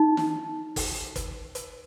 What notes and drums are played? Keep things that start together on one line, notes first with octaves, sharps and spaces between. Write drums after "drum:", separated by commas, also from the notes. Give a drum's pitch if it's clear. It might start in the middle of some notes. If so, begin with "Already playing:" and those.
Already playing: D#4
drum: snare
drum: kick, open hi-hat
drum: kick, hi-hat
drum: hi-hat